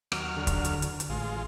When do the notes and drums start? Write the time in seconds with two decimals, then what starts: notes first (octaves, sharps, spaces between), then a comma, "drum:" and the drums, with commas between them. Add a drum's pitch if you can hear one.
0.12 D#2 F#3 F6, drum: rim click
0.37 D3
0.47 drum: kick, hi-hat
0.65 drum: hi-hat
0.82 drum: hi-hat
1.00 drum: hi-hat
1.10 A1 G#3 F4